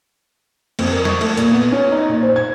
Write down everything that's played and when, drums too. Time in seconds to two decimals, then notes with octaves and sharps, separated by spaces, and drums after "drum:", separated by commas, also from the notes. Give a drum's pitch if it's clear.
0.79 F2, drum: cymbal
0.91 A#4
1.05 C#6, drum: snare
1.21 A3, drum: cymbal
1.37 A#2, drum: hi-hat
1.52 B3
1.72 C#4
1.92 D#4
2.09 A#2
2.23 C5
2.36 G#6